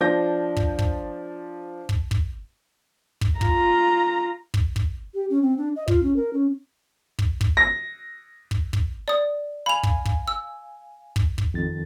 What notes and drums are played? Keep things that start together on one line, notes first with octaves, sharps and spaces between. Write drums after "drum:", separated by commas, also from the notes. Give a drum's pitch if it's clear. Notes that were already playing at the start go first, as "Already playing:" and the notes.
F3 D4 G6 A#6
drum: kick
drum: kick
drum: kick
drum: kick
drum: kick
F4 A#5, drum: kick
drum: kick
drum: kick
G4
C#4
C4
D4
D#5
F4, drum: kick
C#4
A#4
C#4
drum: kick
drum: kick
A#6
drum: kick
drum: kick
D5 D#6
F5 G#5 B5 F7
drum: kick
drum: kick
E6
drum: kick
drum: kick
F2 D#3 A6